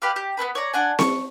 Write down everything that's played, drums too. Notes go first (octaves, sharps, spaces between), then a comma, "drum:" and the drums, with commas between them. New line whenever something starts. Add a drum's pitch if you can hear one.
G4 B4 D5 F5
G4
B3 C4 B4 B5
C#5 D5 A#5
D4 F#5 G#5
C#6, drum: snare C4